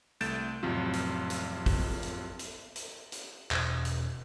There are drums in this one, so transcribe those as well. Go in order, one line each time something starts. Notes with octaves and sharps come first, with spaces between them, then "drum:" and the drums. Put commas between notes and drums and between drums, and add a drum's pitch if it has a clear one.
C2 A3 G6 A6 D7 E7, drum: hi-hat
A1 F2 C3 F#3 F4
drum: hi-hat
drum: hi-hat
drum: kick, open hi-hat
drum: hi-hat
drum: hi-hat
drum: hi-hat
drum: hi-hat
E1, drum: clap
drum: hi-hat